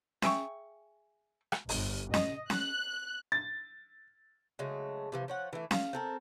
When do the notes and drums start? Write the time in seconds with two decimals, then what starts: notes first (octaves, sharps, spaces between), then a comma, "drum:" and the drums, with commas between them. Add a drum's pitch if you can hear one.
0.22 G#4 E5 G5 C#6, drum: snare C#4
1.52 drum: rim click
1.69 G1, drum: open hi-hat
2.14 D#5, drum: snare C#4
2.50 F#6, drum: snare C#4
3.32 A6
4.59 C#3 F#3 G#3 A3
5.12 C3 E3 F3
5.28 F3 C#5 F#5
5.53 E3 A3
5.71 F5, drum: snare C#4
5.93 C4 A4 A#4